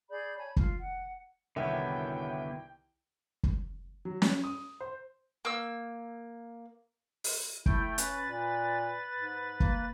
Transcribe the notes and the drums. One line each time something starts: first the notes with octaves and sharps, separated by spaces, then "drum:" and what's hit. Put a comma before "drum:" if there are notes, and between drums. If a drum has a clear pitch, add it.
G#4 D5 B5 G6
C#5 G#5 A5 B5
F4, drum: kick
F#5
C2 F#2 D3 D#3 B3 E4 E5 G5
drum: kick
F#3
C#4, drum: snare
D#6
C5
A#3 E6
drum: open hi-hat
A3 E4 G5, drum: kick
C#4 B4 A6, drum: hi-hat
A#2
G#2
A#3, drum: kick